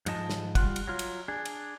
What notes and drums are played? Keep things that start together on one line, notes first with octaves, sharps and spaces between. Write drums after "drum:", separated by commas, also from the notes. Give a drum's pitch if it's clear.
G#2 F3 D#5 A5, drum: cymbal
drum: snare
G3 F4 F#5, drum: kick, cymbal
drum: cymbal
F#3 F4
drum: cymbal
D4 G#4
drum: cymbal